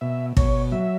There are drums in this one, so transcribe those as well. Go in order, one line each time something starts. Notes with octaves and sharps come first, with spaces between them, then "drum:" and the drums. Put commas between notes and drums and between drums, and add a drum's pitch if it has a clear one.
B2 E5
B2 C#5, drum: kick
F#3 E5